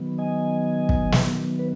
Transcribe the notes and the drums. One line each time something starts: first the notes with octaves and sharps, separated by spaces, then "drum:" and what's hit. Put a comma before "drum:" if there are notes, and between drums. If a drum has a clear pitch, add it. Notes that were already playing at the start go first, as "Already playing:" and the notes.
Already playing: D#3 F#3 B3
D#5 G#5
drum: kick
drum: snare
B4